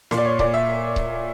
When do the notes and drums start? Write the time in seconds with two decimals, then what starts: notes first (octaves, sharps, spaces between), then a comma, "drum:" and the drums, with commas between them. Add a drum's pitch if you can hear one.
0.11 A#2, drum: snare
0.17 D5
0.25 C#5
0.39 A#2 D5, drum: kick C#1
0.54 E5
0.96 drum: kick C#1